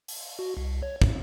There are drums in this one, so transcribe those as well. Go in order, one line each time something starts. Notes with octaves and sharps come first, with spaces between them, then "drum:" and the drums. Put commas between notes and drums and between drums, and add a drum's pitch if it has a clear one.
drum: open hi-hat
F#4
C2
C#5
A2, drum: kick